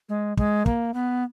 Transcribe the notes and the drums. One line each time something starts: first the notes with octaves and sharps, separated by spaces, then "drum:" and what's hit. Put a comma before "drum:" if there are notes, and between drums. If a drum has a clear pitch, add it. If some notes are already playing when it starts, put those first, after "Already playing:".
G#3
G#3, drum: kick
A#3, drum: kick
B3